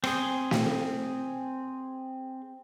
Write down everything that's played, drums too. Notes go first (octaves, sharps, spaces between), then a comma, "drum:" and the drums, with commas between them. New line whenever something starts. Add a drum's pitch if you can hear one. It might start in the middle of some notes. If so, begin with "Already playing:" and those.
C4 G#4, drum: rim click
drum: snare